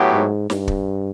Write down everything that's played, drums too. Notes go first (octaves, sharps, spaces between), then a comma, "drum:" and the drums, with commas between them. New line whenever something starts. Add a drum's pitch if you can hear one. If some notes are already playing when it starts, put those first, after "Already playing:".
Already playing: A2 F#3 B3 E4 G4
G#2
G2, drum: snare
drum: kick